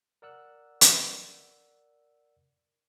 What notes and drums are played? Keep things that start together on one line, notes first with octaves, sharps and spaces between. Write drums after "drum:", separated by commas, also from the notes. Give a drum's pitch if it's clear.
A#4 D5 F#5 E6 F#6
drum: hi-hat